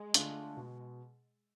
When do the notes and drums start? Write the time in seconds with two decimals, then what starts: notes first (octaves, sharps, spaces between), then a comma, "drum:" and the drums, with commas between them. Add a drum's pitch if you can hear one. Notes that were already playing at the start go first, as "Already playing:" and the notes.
Already playing: G#3
0.14 D3 A3 D4 F4, drum: hi-hat
0.57 B2